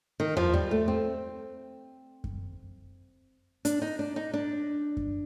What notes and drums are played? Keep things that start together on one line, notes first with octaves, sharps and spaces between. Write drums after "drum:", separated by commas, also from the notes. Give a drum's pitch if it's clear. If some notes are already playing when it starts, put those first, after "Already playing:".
D#3
F3, drum: tom E2
G3
A3
C4
drum: kick F#2
D4, drum: hi-hat
D#4
D4
D#4
D4
drum: kick F#2